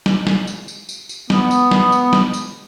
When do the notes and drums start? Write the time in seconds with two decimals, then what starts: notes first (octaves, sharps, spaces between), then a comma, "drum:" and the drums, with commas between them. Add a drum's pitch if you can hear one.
0.06 drum: snare
0.27 drum: snare
0.47 drum: tambourine
0.68 drum: tambourine
0.89 drum: tambourine
1.09 drum: tambourine
1.30 B3, drum: snare
1.51 drum: tambourine
1.71 drum: snare
1.92 drum: tambourine
2.13 drum: snare
2.33 drum: tambourine